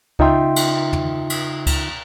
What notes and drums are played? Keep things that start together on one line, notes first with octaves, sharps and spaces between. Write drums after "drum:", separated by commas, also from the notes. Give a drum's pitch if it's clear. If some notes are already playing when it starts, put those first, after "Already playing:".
C#3 D#4 F4 E5 G5 C6, drum: kick C#2
drum: cymbal
drum: tom
drum: cymbal
drum: kick C#2, cymbal